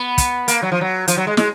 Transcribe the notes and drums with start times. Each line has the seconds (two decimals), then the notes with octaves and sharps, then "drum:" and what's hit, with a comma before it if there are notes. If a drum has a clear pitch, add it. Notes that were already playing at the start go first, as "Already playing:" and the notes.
Already playing: B3
0.18 drum: kick, hi-hat
0.48 A#3, drum: hi-hat
0.62 F#3
0.72 F3
0.81 F#3
1.08 F3, drum: hi-hat
1.17 F#3
1.27 G#3
1.37 G#3, drum: snare